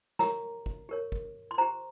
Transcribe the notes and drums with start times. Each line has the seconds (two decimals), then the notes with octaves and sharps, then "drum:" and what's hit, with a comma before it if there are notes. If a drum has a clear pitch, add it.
0.19 G4 A#4 C#5 A#5, drum: snare
0.66 drum: kick
0.89 G4 A#4 C#5
1.12 drum: kick
1.51 C6
1.58 G4 C5 A#5